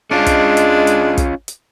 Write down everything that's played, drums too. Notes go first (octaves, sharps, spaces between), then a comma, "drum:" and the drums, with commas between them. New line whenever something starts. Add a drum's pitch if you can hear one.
G#3 C#4 D4 F4
drum: kick, hi-hat
drum: hi-hat
drum: hi-hat
drum: kick, hi-hat
drum: hi-hat